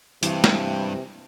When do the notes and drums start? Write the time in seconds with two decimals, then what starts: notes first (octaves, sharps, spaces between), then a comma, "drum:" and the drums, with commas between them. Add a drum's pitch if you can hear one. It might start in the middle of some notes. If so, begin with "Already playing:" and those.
0.23 G2 C3 E3, drum: hi-hat
0.44 drum: snare